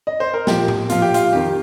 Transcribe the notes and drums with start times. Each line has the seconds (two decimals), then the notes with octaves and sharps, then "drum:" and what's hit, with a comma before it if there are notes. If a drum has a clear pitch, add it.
0.07 D#5
0.20 C5
0.34 A#4
0.47 A#2 F3 G4, drum: snare
0.68 drum: tom A2
0.89 A#2 F3 F4, drum: hi-hat
1.02 G4
1.14 F4, drum: hi-hat
1.33 F2 D#3 G4